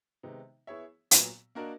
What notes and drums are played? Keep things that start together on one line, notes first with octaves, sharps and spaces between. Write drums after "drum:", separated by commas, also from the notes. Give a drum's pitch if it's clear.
C3 D#3 G#3 B3 D#4
B3 E4 G#4 C#5 E5
A#2 F#3 B3, drum: hi-hat
A#3 D4 F#4 A#4 D#5